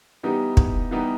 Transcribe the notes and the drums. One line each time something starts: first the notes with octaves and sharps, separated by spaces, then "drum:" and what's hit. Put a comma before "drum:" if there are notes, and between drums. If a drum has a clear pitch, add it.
E3 G3 B3 D#4 G4
drum: kick
E3 G3 B3 D#4 G4